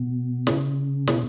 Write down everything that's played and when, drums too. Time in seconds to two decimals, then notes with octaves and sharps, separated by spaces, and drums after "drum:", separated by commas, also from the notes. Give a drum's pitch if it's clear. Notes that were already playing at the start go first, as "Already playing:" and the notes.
Already playing: B2
0.47 C#3, drum: snare
1.07 B2, drum: snare